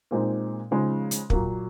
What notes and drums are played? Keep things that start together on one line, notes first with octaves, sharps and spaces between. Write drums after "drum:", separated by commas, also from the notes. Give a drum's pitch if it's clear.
A#2 G#3 C4 D#4
C#3 F3 G#3 D#4
drum: hi-hat
A#2 F#3 A#3, drum: kick